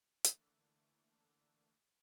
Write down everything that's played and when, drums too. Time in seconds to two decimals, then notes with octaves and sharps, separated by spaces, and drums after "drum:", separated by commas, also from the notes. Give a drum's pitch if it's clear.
0.24 D3 E3 A3 A#3 D4, drum: hi-hat